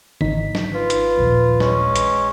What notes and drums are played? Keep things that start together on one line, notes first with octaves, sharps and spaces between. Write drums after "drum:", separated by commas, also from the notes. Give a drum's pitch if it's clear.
G#1 D#4 B6, drum: tom D3
drum: snare
F4 B4
drum: hi-hat
A#1 D#2
G#3 C#4, drum: snare
drum: hi-hat